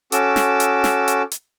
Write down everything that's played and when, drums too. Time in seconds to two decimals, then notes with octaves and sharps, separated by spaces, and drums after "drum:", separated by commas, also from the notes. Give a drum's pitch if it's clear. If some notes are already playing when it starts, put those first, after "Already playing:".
0.12 C#4 F#4 A4 D6 E6, drum: hi-hat
0.36 drum: snare
0.60 drum: hi-hat
0.84 drum: snare
1.08 drum: hi-hat
1.31 drum: hi-hat